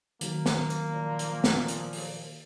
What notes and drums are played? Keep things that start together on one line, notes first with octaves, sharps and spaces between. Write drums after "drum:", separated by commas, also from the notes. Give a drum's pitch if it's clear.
D#3 F#3 A#3, drum: hi-hat
drum: snare
drum: hi-hat
A#2 F3
drum: hi-hat
drum: snare
drum: hi-hat
drum: open hi-hat